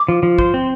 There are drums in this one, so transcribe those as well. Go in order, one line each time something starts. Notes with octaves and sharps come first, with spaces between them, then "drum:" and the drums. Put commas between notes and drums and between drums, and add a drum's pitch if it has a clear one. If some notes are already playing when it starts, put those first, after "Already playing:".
Already playing: D6
F3
F3
C5, drum: kick
C4